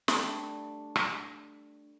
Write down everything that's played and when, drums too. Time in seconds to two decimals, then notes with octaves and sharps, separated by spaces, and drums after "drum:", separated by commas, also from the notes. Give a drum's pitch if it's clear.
0.08 G3 A3 D4, drum: snare
0.96 drum: rim click